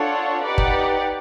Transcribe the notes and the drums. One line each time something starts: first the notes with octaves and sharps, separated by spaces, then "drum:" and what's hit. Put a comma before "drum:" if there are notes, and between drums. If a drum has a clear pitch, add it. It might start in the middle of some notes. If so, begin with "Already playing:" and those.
Already playing: D4 F4 A4 C#5 F#5
D#4 G4 B4 D5 F#5
drum: kick